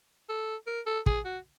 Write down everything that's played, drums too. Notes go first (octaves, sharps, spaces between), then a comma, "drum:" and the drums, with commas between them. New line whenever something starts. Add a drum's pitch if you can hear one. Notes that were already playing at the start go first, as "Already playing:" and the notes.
A4
A#4
A4
G#4, drum: kick
F#4